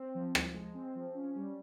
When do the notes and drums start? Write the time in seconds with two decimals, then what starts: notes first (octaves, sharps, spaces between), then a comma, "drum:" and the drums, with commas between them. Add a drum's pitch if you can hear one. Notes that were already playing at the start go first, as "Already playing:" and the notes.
Already playing: C4
0.15 F3
0.35 F3, drum: rim click
0.54 G#3
0.74 C4
0.95 F3
1.15 C#4
1.35 G3